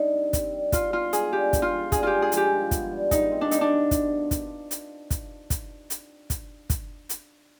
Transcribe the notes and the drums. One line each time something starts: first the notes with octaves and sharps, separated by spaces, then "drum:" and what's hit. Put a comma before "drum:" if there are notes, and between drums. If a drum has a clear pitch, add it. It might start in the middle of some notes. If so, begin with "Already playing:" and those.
Already playing: G3 D4 D#4
C3
C4, drum: kick, hi-hat
G3
B2 F4, drum: kick, hi-hat
C4 F4
G#3 G#4, drum: hi-hat
D3 G4
G#3, drum: kick, hi-hat
F4
F3
G2 G#4, drum: kick, hi-hat
F4 G4
G#3
G#4
F3, drum: hi-hat
G4
D#3
B3, drum: kick, hi-hat
G3
G#2 D#4, drum: kick, hi-hat
C4
D4
G3 D#4, drum: hi-hat
D4
B2
drum: kick, hi-hat
drum: kick, hi-hat
drum: hi-hat
drum: kick, hi-hat
drum: kick, hi-hat
drum: hi-hat
drum: kick, hi-hat
drum: kick, hi-hat
drum: hi-hat